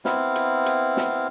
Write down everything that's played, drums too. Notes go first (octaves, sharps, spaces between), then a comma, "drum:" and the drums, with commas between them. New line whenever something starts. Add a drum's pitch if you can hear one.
B3 C4 E4 F5, drum: snare
drum: hi-hat
drum: hi-hat
drum: snare